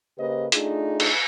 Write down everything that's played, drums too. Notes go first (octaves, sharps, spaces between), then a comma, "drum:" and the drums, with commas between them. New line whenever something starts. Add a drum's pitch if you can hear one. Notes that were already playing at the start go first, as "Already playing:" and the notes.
C#3 A#3 G4 B4 C5 D#5
A3 D4 D#4 F4 G#4, drum: hi-hat
drum: cymbal